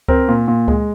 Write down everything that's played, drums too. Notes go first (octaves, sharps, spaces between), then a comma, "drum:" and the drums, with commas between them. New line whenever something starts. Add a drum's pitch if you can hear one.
C4 A#4, drum: kick C#2
A#2
A#2
G#3, drum: kick C#2